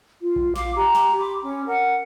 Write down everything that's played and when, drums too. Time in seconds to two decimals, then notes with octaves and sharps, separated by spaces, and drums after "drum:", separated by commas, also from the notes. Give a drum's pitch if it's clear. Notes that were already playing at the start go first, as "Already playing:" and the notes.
0.22 F4
0.36 drum: kick A#1
0.56 F5 D6, drum: snare
0.75 G4 A#5
0.95 drum: snare
1.19 B5 C6 D6
1.42 C#4
1.66 A#4 F#5